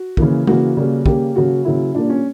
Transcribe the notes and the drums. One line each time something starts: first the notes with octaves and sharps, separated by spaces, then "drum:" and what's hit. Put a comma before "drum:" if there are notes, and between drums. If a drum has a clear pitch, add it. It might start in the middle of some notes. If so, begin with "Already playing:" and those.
Already playing: F#4
C#3 E3 A#3, drum: kick
C#3 E3 A#3 F#4, drum: tom
C#3 G3 A#3
C#3 G3 A#3 G4, drum: kick
C#3 F#3 A#3 F#4
C#3 F#3 A#3 E4
A#2 G3 A#3 D4
C#4